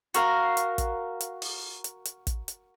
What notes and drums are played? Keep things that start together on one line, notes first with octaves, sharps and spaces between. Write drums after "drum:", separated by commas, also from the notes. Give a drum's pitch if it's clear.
F#4 A#4 F5, drum: hi-hat
drum: hi-hat
drum: kick, hi-hat
drum: hi-hat
drum: open hi-hat
drum: hi-hat
drum: hi-hat
drum: kick, hi-hat
drum: hi-hat